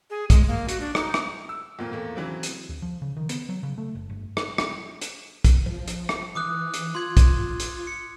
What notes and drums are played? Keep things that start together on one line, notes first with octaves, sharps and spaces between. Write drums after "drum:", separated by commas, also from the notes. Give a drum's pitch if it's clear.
G#4
G#3, drum: kick, hi-hat
A#3
F#4, drum: hi-hat
D4
D#4, drum: rim click
drum: rim click
E6
F2 A#2 A#3 F4
E2 A3 A#3
C#3 E3 F#3 C4
drum: hi-hat
D2
F3
C#3
D#3
B3, drum: hi-hat
F#3
C#3
A3
F#1
G1
drum: rim click
drum: rim click
drum: hi-hat
drum: kick, hi-hat
F3
drum: hi-hat
drum: rim click
E3 D6 D#6 F#6
drum: hi-hat
F4 C6 G#6
drum: kick, hi-hat
drum: hi-hat
C#7